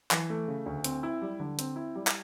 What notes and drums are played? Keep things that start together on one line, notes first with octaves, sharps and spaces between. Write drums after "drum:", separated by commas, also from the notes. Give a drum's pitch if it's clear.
E3, drum: clap
A3
C#3
D2
C4, drum: hi-hat
E4
G3
D3
C4, drum: hi-hat
E4
G3
drum: clap